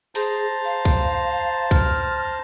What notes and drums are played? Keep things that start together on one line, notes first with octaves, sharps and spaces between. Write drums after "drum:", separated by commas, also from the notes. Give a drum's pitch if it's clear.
G#4 C5 A5 A#5, drum: hi-hat
F5
drum: kick
F6, drum: kick